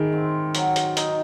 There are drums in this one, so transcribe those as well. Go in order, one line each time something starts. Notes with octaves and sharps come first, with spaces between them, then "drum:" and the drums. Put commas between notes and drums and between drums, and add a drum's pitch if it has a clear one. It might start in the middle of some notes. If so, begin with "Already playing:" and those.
Already playing: D#3 E3 G#3
C4
F#3, drum: hi-hat
drum: hi-hat
D#4, drum: hi-hat